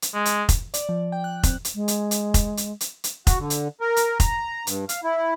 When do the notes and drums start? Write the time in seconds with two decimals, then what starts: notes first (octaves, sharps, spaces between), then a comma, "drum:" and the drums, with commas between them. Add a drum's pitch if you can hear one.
0.02 drum: hi-hat
0.14 G#3
0.25 drum: hi-hat
0.49 drum: kick F1, hi-hat
0.74 D5, drum: hi-hat
0.89 F3
1.12 G5
1.24 F#6
1.43 C4, drum: kick F1, hi-hat
1.65 drum: hi-hat
1.75 G#3
1.88 drum: hi-hat
2.11 drum: hi-hat
2.34 drum: kick F1, hi-hat
2.57 drum: hi-hat
2.81 drum: hi-hat
3.04 drum: hi-hat
3.27 F#4, drum: kick F1, hi-hat
3.39 D3
3.50 drum: hi-hat
3.81 A#4
3.96 drum: hi-hat
4.20 A#5, drum: kick F1, hi-hat
4.67 G2, drum: hi-hat
4.89 F5, drum: hi-hat
5.04 E4